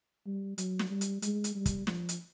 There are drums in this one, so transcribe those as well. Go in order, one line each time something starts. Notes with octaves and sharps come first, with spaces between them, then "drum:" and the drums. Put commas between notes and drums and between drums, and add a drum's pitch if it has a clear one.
G3
F#3, drum: hi-hat
drum: snare
G3
drum: hi-hat
G#3, drum: hi-hat
drum: hi-hat
G3
drum: kick, hi-hat
F3, drum: snare
drum: hi-hat